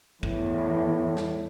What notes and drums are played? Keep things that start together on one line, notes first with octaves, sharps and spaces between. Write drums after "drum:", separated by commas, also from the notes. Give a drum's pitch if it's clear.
E2 A2, drum: kick
drum: snare